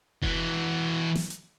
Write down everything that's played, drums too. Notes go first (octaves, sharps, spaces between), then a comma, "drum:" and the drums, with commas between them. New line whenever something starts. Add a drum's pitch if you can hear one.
E3 F#4, drum: kick F1
drum: snare
drum: hi-hat